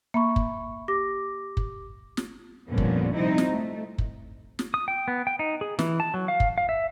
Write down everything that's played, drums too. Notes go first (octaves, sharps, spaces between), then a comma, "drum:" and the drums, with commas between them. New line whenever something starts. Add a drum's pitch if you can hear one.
A#3 E5 B5 C#6
drum: kick
G4 D6 A#6
drum: kick
drum: snare
F2 A#2 D3 G3 B3 C#4
drum: kick
C3 F3 G3 C4 D#4 E4
drum: snare
A3
drum: kick
drum: snare
D#6
G5
B3
G5
D#4
G#4
E3, drum: snare
A5
F#3
F5
drum: kick
F5
E5